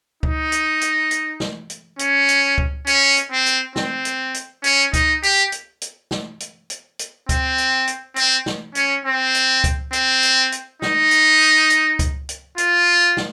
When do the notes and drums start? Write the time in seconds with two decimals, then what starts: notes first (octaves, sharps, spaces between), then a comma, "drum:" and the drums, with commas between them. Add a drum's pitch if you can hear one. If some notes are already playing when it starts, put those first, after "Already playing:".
0.23 D#4, drum: kick C#2
0.52 drum: hi-hat
0.81 drum: hi-hat
1.11 drum: hi-hat
1.40 drum: snare
1.70 drum: hi-hat
1.99 C#4, drum: hi-hat
2.28 drum: hi-hat
2.58 drum: kick C#2
2.87 C#4, drum: hi-hat
3.17 drum: hi-hat
3.32 C4
3.46 drum: hi-hat
3.76 C4, drum: snare
4.05 drum: hi-hat
4.34 drum: hi-hat
4.64 C#4, drum: hi-hat
4.93 D#4, drum: kick C#2, hi-hat
5.23 G4, drum: hi-hat
5.52 drum: hi-hat
5.81 drum: hi-hat
6.11 drum: snare
6.40 drum: hi-hat
6.70 drum: hi-hat
6.99 drum: hi-hat
7.29 C4, drum: kick C#2, hi-hat
7.58 drum: hi-hat
7.87 drum: hi-hat
8.16 C4, drum: hi-hat
8.46 drum: snare
8.75 C#4, drum: hi-hat
9.05 C4
9.34 drum: hi-hat
9.64 drum: kick C#2, hi-hat
9.93 C4, drum: hi-hat
10.23 drum: hi-hat
10.52 drum: hi-hat
10.82 D#4, drum: snare
11.11 drum: hi-hat
11.70 drum: hi-hat
11.99 drum: kick C#2, hi-hat
12.29 drum: hi-hat
12.58 F4, drum: hi-hat
13.17 drum: snare